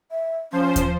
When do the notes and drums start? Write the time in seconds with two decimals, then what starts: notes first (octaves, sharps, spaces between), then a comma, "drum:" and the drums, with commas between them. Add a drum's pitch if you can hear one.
0.12 E5
0.52 F3 C#4 C5
0.76 drum: kick D#2, hi-hat